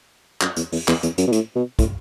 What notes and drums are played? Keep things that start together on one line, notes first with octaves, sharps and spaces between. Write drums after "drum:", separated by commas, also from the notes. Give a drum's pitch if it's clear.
F#2, drum: clap
E2, drum: hi-hat
E2, drum: open hi-hat
E2, drum: clap
E2, drum: hi-hat
F#2, drum: hi-hat
B2
A2, drum: hi-hat
B2
A2, drum: kick, hi-hat